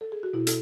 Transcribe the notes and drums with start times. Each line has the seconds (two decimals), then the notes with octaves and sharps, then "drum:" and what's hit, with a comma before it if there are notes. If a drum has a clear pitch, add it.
0.01 A4
0.12 G#4
0.23 F#4
0.33 B2 E4
0.47 A4, drum: hi-hat